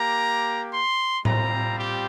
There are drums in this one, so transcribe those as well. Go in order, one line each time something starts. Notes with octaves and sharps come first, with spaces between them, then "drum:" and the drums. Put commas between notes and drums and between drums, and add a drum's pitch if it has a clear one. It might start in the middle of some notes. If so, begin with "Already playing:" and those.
Already playing: A#3 G4 A#5
C6
G3 C4 F4 A#5, drum: tom A2
G4